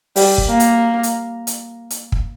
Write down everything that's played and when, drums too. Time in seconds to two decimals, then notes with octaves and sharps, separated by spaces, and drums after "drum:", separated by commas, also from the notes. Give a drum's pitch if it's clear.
0.16 G3, drum: open hi-hat
0.38 drum: kick
0.49 A#3
0.60 drum: hi-hat
1.03 drum: hi-hat
1.47 drum: hi-hat
1.90 drum: hi-hat
2.12 drum: kick